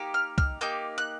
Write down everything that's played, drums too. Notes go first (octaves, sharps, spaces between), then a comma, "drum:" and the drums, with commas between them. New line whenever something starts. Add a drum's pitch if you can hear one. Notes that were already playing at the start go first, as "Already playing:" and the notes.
Already playing: A#3 D#4 G4
F6
F6, drum: kick
A#3 D#4 G4 G6
F#6